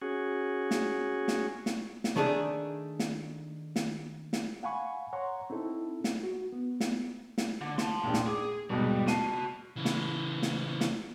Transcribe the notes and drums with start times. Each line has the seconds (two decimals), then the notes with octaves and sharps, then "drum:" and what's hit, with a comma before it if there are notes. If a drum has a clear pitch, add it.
0.02 C#4 F#4 G#4
0.71 drum: snare
1.28 drum: snare
1.66 drum: snare
2.04 drum: snare
2.16 D#3 A3 D4 G#4 D5
2.99 drum: snare
3.76 drum: snare
4.33 drum: snare
4.63 F5 F#5 G#5 B5 C#6
5.13 C#5 F#5 A#5 C6 C#6
5.50 C4 D#4 E4 A4
6.04 drum: snare
6.23 F#4
6.52 B3
6.80 drum: snare
7.38 drum: snare
7.61 D3
7.78 A5 C6, drum: snare
8.03 A#1 D#2
8.14 drum: snare
8.26 G#4 D6
8.70 D#2 G#2 B2 G3
9.07 F#4 A5 C7 D#7, drum: snare
9.76 C#3 E3
9.85 drum: snare
10.42 drum: snare
10.81 drum: snare